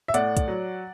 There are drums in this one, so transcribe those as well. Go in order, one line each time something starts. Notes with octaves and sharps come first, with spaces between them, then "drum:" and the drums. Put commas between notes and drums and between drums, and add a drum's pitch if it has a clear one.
E5
A2 D5 F#5, drum: hi-hat
drum: kick, hi-hat
F#3